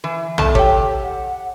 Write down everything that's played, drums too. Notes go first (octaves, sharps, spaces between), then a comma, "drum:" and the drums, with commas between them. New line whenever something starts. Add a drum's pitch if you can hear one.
E3
E2 A4 A5, drum: tom B1
G4 C#5 G5, drum: kick G#1
F#5